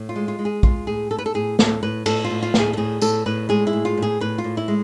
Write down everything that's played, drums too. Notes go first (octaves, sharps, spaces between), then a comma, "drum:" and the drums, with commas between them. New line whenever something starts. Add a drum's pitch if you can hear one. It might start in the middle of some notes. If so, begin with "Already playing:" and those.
Already playing: A2
F4
G#3
F4
G#3
G#4
G#3 F4, drum: kick
A2 G#4
A2 A4
B4
A4
A2 G#4
A2 A4, drum: snare
A2 B4
A2 A4, drum: cymbal
F4
A2
F4
A2, drum: snare
G#4
A4
A2 G#4
A2 A4, drum: tambourine
A2 B4
G#3 G#4
E4
A2
F4
A2 G#4
A2 B4
F4
A2
E4
G#3